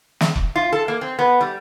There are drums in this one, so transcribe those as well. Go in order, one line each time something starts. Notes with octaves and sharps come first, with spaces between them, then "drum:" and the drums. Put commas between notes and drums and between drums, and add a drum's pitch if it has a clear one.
drum: snare
drum: kick
F4
A4
A#3
C4
B3
G3